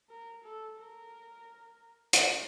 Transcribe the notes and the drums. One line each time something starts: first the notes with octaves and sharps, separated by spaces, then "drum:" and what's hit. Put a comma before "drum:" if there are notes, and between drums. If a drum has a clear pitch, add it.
A#4
A4
A#4
drum: hi-hat